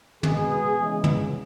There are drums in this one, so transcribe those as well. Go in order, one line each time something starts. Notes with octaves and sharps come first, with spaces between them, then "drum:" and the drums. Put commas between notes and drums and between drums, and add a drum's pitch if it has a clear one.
B2 G#3 B3 G#4, drum: tom
C#3 E3 G#3 B3
drum: tom